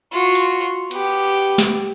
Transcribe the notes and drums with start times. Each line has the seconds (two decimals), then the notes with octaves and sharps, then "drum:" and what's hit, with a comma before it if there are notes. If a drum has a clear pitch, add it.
0.12 F4 F#4
0.35 drum: hi-hat
0.91 B3 G4, drum: hi-hat
1.58 drum: snare